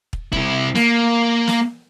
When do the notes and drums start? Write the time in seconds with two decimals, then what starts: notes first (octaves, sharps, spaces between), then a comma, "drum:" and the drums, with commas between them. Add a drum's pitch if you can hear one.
0.13 drum: kick
0.33 C3 E4, drum: kick
0.75 A#3, drum: snare
1.47 drum: snare